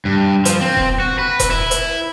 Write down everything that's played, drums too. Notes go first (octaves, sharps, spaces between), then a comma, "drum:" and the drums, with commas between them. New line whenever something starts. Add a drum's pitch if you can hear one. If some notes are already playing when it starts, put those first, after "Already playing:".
G2
F3, drum: hi-hat
C4
drum: kick E1
F#4
B4
drum: kick E1, hi-hat
E4
drum: hi-hat